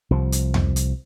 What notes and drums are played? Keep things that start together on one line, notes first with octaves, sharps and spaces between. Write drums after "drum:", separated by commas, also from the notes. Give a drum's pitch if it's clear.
C2 F3
drum: hi-hat
drum: tom E2
drum: hi-hat